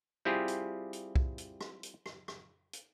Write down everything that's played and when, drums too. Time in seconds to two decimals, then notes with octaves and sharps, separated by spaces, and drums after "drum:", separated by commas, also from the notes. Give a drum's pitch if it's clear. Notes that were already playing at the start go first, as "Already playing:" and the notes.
0.25 G3 C4 E4 F4 G4 G#4
0.48 drum: hi-hat
0.93 drum: hi-hat
1.16 drum: kick
1.38 drum: hi-hat
1.61 drum: rim click
1.83 drum: hi-hat
2.06 drum: rim click
2.28 drum: rim click
2.73 drum: hi-hat